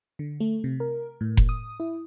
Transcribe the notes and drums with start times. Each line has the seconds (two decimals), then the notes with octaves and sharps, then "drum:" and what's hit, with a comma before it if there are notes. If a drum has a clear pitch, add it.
0.19 D3
0.40 A3
0.64 C3
0.80 A#4
1.21 A2
1.37 drum: kick F1
1.49 D#6
1.80 E4